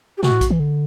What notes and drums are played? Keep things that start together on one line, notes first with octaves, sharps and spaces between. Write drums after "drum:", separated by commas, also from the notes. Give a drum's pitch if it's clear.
G4
C3 F#4, drum: snare
A2
drum: kick A#1, hi-hat
E3
D3